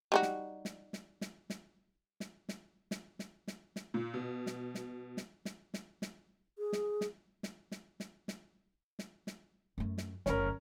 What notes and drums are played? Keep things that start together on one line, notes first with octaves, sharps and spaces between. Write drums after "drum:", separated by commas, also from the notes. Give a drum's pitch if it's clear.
G3 D#4 F#4
drum: snare
drum: snare
drum: snare
drum: snare
drum: snare
drum: snare
drum: snare
drum: snare
drum: snare
drum: snare
drum: snare
A#2
B2
drum: snare
drum: snare
drum: snare
drum: snare
drum: snare
drum: snare
G#4
drum: snare
drum: snare
drum: snare
drum: snare
drum: snare
drum: snare
drum: snare
drum: snare
F#2 A3
drum: snare
F#1 D2 C#4 A#4, drum: snare